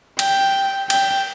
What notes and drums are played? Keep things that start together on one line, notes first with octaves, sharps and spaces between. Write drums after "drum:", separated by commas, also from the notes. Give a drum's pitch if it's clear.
G5, drum: cymbal
G5, drum: cymbal